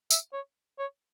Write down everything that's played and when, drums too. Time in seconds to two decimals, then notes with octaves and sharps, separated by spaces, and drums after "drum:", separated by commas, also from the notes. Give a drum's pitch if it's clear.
0.11 E5, drum: tambourine
0.33 C#5
0.79 C#5